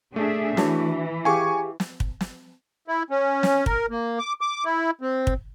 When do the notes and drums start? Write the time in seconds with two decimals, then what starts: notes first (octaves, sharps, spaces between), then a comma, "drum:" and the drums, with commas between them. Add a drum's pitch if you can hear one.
0.16 A3 D4 G#4 E5
0.57 E3 D4 F#4 C#5, drum: snare
1.25 G4 G#4 F5 G#5 C#6
1.80 drum: snare
2.00 drum: kick
2.21 drum: snare
2.88 E4
3.10 C#4
3.43 drum: snare
3.66 A#4, drum: kick
3.90 A#3
4.19 D6
4.41 D6
4.65 E4
5.01 C4
5.27 drum: kick